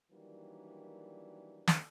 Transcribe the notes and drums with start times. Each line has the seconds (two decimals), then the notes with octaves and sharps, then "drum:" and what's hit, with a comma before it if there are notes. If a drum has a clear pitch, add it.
0.11 D#3 E3 F#3 G3 A#3 D4
1.67 drum: snare